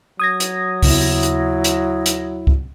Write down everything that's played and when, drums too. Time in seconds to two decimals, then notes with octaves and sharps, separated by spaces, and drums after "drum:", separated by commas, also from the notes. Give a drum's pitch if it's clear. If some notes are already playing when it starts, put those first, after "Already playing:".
0.20 F#3 D#6 G#6 A#6
0.40 drum: hi-hat
0.83 D#2 C#3 B3 E4, drum: kick C2, open hi-hat
1.23 drum: hi-hat
1.64 drum: hi-hat
2.06 drum: hi-hat
2.47 drum: kick C2